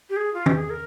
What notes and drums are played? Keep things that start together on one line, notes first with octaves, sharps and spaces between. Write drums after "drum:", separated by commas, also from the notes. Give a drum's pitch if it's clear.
G4
G#4
F4
G4, drum: tom D#3
G#4
A#4